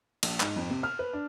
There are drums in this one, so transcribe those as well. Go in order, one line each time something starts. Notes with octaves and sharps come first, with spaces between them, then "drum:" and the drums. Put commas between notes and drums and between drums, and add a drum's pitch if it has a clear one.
A#1, drum: cymbal
G#2, drum: clap
F2
C3
F6
B4
D4